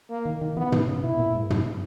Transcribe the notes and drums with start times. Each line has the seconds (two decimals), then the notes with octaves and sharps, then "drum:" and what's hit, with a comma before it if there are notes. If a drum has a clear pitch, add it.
0.10 A#3
0.25 D#3
0.41 D#3
0.57 E3 B3
0.72 D#3, drum: tom
0.88 C#3
1.03 B2 E4
1.19 A#2
1.35 G#2
1.50 F#2, drum: tom